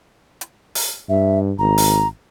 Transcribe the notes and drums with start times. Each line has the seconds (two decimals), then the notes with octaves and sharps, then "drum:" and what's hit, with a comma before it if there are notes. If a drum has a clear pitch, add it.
0.41 drum: hi-hat
0.75 drum: open hi-hat
1.09 G2 E5
1.59 G#1 A#5
1.78 drum: open hi-hat